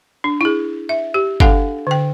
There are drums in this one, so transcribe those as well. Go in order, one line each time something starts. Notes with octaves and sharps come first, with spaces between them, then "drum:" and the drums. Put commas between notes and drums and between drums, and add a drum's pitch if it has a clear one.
D4
E4 G#4
E5
G4
D4 A4 F5 F#5 G#5, drum: kick
D3 G5